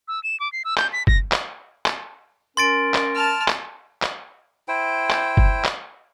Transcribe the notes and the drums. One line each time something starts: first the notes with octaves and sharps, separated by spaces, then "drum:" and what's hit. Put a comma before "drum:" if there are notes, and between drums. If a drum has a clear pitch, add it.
E6
E7
D6
C7
E6
G6, drum: clap
B6
A#6, drum: kick
drum: clap
drum: clap
C#4 A#4 C6 A6 D7
drum: clap
A5 F6
drum: clap
drum: clap
E4 C5 G5
drum: clap
drum: kick
drum: clap